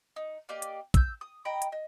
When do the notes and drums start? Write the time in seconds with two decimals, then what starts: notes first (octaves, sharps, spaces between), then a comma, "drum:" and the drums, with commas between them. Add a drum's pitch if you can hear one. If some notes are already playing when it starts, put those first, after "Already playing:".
0.16 D#4
0.49 A#3 G4 D5 D#5
0.62 drum: hi-hat
0.94 E6 G6, drum: kick, hi-hat
1.21 D#6
1.45 D#5 G5 A#5 B5
1.62 drum: hi-hat
1.72 D#5